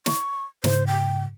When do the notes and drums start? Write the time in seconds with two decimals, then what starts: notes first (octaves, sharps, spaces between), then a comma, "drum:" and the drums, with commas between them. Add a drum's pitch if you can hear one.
0.06 C#6, drum: snare
0.64 G#2 C#3 C5, drum: snare
0.87 G5